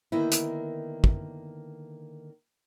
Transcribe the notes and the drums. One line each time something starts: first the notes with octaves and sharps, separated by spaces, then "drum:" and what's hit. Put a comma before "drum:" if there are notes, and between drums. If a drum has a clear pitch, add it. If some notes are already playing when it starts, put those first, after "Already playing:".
D3 D#3 A#3 B3 D#4 E4
drum: hi-hat
drum: kick